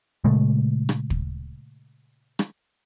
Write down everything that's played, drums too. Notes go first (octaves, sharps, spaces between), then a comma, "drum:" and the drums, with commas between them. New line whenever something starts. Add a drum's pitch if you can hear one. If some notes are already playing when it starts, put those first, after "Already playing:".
A#2 C#3 G#3 A3
drum: rim click
drum: kick
drum: rim click